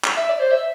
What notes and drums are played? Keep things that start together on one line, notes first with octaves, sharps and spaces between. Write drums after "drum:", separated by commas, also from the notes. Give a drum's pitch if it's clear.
drum: clap
E5
D5
C5
E5